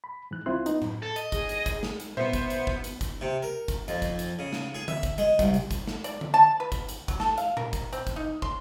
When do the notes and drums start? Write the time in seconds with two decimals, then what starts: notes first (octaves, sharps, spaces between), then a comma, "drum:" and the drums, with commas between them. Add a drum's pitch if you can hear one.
0.04 B5
0.31 G#2 E3 F#6
0.46 C2 C4 E4 F4 C6 F#6
0.66 B3 D#4, drum: hi-hat
0.82 drum: tom A2
1.02 A4
1.16 D#5, drum: hi-hat
1.32 G#4, drum: kick, hi-hat
1.49 drum: hi-hat
1.66 drum: kick, hi-hat
1.83 drum: snare
2.00 drum: hi-hat
2.17 B3 C5 E5, drum: tom A#2
2.33 drum: kick, hi-hat
2.50 drum: hi-hat
2.67 drum: kick
2.84 drum: hi-hat
3.01 drum: kick, hi-hat
3.21 C3
3.43 A#4
3.68 drum: kick, hi-hat
3.88 F2, drum: hi-hat
4.02 drum: kick, hi-hat
4.19 drum: hi-hat
4.39 C#3
4.53 drum: snare
4.75 G#4
4.88 E5, drum: tom D3
5.03 drum: kick, hi-hat
5.18 G#3, drum: hi-hat
5.39 C2, drum: kick, hi-hat
5.54 drum: hi-hat
5.71 drum: kick, hi-hat
5.87 drum: snare
6.04 D5, drum: hi-hat
6.21 drum: tom D3
6.34 A5
6.60 B4
6.72 drum: kick, hi-hat
6.89 drum: hi-hat
7.08 F#3, drum: kick, hi-hat
7.20 A4, drum: snare
7.38 F5, drum: hi-hat
7.57 A#4, drum: tom A#2
7.73 drum: kick, hi-hat
7.93 C4, drum: hi-hat
8.07 drum: kick, hi-hat
8.16 D#4
8.42 C6, drum: kick